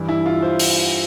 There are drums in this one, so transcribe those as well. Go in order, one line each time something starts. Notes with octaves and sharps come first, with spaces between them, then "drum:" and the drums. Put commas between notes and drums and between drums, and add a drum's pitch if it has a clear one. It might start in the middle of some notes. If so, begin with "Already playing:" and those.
Already playing: G2 E3
E4
F4
C5
drum: open hi-hat